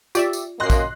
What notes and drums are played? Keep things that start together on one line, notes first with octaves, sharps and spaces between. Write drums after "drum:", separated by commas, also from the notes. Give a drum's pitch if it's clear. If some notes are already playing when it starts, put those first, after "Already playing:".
F4 G4 D5 E5, drum: tambourine
drum: tambourine
F#2 A#3 D#5 C6 F#6 A#6 C7
drum: kick, tambourine